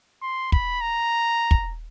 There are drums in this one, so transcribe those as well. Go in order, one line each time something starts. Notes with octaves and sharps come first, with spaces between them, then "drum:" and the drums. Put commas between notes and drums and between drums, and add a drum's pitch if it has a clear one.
C6
B5, drum: kick
A#5
drum: kick